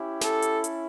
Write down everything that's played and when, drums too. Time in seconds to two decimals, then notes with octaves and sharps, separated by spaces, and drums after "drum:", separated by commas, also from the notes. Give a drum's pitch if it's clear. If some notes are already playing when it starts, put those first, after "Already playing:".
Already playing: C#4 E4 G4
0.21 A4, drum: snare
0.42 drum: hi-hat
0.64 drum: hi-hat